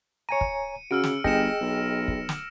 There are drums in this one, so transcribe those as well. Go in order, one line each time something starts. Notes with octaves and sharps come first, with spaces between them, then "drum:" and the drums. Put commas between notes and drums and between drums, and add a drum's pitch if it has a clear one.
C#5 G#5 A#5 C#7 D#7
drum: kick
C#3 F#4 E6 F6 D7
drum: snare
G1 G#4 D#5 G5 A#6 C#7 E7, drum: kick
B1
drum: kick
drum: snare